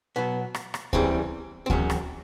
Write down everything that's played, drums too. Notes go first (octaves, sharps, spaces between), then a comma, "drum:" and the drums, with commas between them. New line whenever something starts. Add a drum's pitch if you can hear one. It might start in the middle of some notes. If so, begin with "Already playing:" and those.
B2 F#3 B3
drum: rim click
drum: rim click
E2 C#3 E3 G3 C4, drum: kick D2
C4
E2 C3 D#3 F#3 C#4, drum: kick D2
drum: rim click